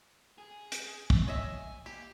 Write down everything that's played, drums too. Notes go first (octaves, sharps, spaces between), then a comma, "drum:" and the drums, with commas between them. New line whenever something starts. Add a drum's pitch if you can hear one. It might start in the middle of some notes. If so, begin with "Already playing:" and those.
G#4
drum: hi-hat
drum: kick
C#5 D#5 E5 G#5
A#3 G4